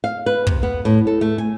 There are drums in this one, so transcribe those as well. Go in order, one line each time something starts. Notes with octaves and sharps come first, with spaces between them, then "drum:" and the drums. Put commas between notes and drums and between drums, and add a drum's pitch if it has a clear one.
F5
B4
C3, drum: kick
B3
A2
A4
A3
G#5